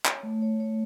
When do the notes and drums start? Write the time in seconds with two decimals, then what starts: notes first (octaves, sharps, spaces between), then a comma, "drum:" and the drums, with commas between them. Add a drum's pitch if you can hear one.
0.05 C#5, drum: clap
0.23 A3
0.42 C#5
0.60 C#5